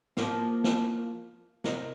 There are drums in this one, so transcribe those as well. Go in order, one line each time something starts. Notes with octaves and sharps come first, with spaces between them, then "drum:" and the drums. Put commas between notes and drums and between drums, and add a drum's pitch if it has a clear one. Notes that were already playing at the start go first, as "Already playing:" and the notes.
F3 A#3 C5, drum: snare
drum: snare
C3 A#4 D#5, drum: snare